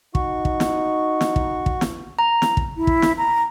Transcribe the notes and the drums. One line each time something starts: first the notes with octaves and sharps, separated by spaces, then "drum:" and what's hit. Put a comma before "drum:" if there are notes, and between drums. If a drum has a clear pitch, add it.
D#4 F#4 C#6, drum: kick
drum: kick
drum: snare
drum: snare
drum: kick
drum: kick
drum: snare
A#5
drum: snare
drum: kick
E4
drum: kick
drum: snare
A#5